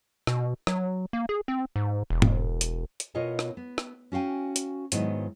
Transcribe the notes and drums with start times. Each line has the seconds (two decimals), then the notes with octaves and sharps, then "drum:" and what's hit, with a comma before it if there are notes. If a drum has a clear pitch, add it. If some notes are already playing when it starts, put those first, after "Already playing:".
0.27 B2, drum: rim click
0.67 F#3, drum: rim click
1.13 A#3
1.29 G#4
1.48 C4
1.76 G#2
2.10 E1
2.22 drum: tom G#2
2.61 drum: hi-hat
3.00 drum: hi-hat
3.14 B2 F4 A#4 C#5 D#5 G#5
3.39 drum: rim click
3.57 B3
3.78 drum: rim click
4.12 C#4 F#4 F5 G5 G#5
4.56 drum: hi-hat
4.92 G#2 D#3 F#3 B3 E4 D#5, drum: hi-hat